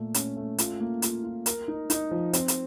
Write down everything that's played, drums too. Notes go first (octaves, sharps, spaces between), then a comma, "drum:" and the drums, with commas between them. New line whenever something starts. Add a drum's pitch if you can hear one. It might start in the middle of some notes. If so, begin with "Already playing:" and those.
Already playing: A#2 A3
C#4, drum: hi-hat
A3
F4, drum: hi-hat
A#3
F4, drum: hi-hat
F4
A#4, drum: hi-hat
D#4
D#4, drum: hi-hat
F3
C4, drum: hi-hat
drum: hi-hat